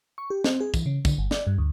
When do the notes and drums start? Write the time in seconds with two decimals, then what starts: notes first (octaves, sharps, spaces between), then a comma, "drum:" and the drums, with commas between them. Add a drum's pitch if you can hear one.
0.18 C#6
0.30 G4
0.44 C4, drum: snare
0.60 G#4
0.74 E3, drum: kick, tambourine
0.86 C#3
1.05 D3, drum: kick, tambourine
1.18 G1
1.31 D5, drum: snare
1.47 G2
1.58 D2